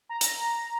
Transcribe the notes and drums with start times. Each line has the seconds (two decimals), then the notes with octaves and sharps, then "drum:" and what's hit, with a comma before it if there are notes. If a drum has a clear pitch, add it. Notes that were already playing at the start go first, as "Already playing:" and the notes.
0.09 A#5
0.21 drum: hi-hat